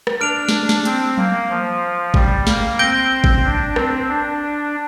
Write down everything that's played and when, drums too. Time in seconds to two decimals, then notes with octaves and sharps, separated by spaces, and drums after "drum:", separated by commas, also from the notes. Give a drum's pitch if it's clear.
0.07 drum: rim click
0.20 D4 F6 D7 F7
0.49 drum: snare
0.69 drum: snare
0.85 C4, drum: hi-hat
1.18 A#3, drum: tom F#3
1.50 F3
2.14 G3, drum: kick G#1
2.47 A#3, drum: snare
2.79 C4 G6 A#6 D7 G7
3.24 drum: kick G#1
3.44 D4
3.76 C4, drum: rim click
4.08 D4